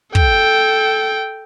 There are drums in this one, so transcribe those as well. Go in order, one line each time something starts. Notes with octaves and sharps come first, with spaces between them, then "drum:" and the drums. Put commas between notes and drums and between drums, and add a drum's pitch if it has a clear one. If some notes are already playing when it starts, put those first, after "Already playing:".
A4 G5, drum: kick